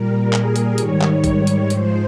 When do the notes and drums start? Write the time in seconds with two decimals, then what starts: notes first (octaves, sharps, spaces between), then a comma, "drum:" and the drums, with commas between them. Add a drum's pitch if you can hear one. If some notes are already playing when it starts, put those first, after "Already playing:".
Already playing: A#2 G3 A#4
0.33 G#4, drum: clap
0.56 drum: hi-hat
0.78 G#2 D#3 G3 C#5, drum: hi-hat
1.01 drum: clap
1.24 C#5, drum: kick, hi-hat
1.47 drum: hi-hat
1.70 G#2 F3 G#3 C5, drum: hi-hat